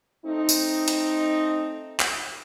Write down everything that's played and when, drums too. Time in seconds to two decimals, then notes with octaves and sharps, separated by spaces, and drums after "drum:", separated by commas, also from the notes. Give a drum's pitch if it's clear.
0.25 A3 C4 D#4
0.49 drum: tambourine
0.88 drum: hi-hat
2.00 drum: clap